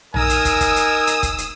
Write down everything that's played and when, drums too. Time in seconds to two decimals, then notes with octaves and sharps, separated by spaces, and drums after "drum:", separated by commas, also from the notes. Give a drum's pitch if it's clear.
0.14 D#4 A#4 G#5 D#6 E6, drum: tom A#1
0.30 drum: hi-hat
0.45 drum: kick, hi-hat
0.61 drum: kick, hi-hat
0.76 drum: hi-hat
1.07 drum: hi-hat
1.23 drum: kick, hi-hat
1.38 drum: hi-hat